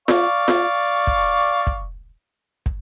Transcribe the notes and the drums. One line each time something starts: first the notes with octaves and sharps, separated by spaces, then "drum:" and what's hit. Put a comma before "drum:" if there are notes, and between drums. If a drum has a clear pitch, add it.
D5 F5 C#6, drum: snare F4
drum: snare F4
drum: kick
drum: kick
drum: kick